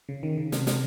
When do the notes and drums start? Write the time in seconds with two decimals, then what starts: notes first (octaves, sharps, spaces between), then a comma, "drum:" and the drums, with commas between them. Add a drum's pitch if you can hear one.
0.09 C#3
0.23 D#3
0.38 C#3
0.52 C3, drum: snare
0.67 drum: snare